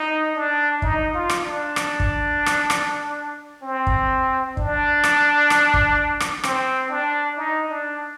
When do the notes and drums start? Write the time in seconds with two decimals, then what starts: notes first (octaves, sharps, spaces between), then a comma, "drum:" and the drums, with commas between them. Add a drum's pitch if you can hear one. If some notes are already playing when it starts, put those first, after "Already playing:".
Already playing: D#4
0.36 D4
0.82 D#4, drum: kick
1.14 F4
1.29 drum: rim click
1.45 D4
1.76 drum: rim click
2.00 drum: kick
2.46 drum: rim click
2.70 drum: rim click
3.63 C4
3.87 drum: kick
4.57 D4, drum: kick
5.04 drum: rim click
5.50 drum: rim click
5.74 drum: kick
6.20 drum: rim click
6.44 C4, drum: rim click
6.90 D4
7.37 D#4
7.69 D4